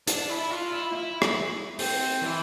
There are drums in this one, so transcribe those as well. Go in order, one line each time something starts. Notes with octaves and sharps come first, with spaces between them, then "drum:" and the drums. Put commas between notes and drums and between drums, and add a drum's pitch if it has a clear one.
D4, drum: hi-hat
E4
F4
E4
E4
drum: rim click
C4, drum: open hi-hat
E3